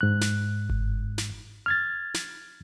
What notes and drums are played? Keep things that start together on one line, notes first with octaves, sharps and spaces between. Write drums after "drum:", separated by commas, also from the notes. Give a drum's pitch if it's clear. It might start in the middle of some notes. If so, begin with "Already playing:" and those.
G#2 F#6
drum: snare
drum: kick G1
drum: snare
F6 G#6 A6
drum: snare